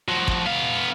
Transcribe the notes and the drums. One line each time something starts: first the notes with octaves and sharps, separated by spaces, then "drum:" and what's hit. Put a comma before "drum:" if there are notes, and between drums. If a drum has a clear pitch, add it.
F3 F#4
drum: kick
B3 F5